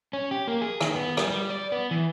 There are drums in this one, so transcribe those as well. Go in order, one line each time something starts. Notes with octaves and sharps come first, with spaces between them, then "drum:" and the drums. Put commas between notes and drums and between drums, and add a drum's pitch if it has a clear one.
C#4
G4
A#3
G#4
D#3, drum: rim click
B3
G3, drum: rim click
G3
D5
B3
E3